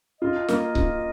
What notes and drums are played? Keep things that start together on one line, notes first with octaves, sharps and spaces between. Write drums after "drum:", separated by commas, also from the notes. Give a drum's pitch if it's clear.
F4 D#5
A#3, drum: snare
F4, drum: kick C#1